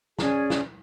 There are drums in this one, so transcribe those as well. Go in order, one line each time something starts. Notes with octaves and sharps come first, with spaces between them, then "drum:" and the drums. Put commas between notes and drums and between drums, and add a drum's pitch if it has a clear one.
C#4 G#4 D5, drum: snare
drum: snare